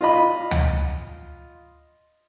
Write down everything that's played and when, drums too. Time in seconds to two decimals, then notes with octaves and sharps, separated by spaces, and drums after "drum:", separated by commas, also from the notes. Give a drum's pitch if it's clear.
0.01 F4 D#5 B5
0.51 drum: tom D2